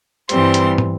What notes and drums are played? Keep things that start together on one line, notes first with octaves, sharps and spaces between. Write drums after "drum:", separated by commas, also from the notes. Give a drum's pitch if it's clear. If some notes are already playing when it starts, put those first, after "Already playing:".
G2 E3 G3 C4 C6, drum: hi-hat
drum: hi-hat
drum: tom